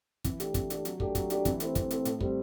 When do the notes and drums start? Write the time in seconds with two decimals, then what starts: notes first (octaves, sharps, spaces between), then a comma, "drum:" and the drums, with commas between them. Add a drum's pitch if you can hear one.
0.24 E3, drum: kick, hi-hat
0.40 A3 D4 G4, drum: hi-hat
0.54 E3, drum: kick, hi-hat
0.70 A3 D4 G4, drum: hi-hat
0.85 F#3, drum: hi-hat
1.00 A3 D4 G4, drum: kick
1.15 F#3, drum: kick, hi-hat
1.30 A3 D4 G4, drum: hi-hat
1.45 E3, drum: kick, hi-hat
1.60 A3 C4 E4, drum: hi-hat
1.75 E3, drum: kick, hi-hat
1.91 A3 C4 E4, drum: hi-hat
2.05 A2, drum: hi-hat
2.21 G3 C4, drum: kick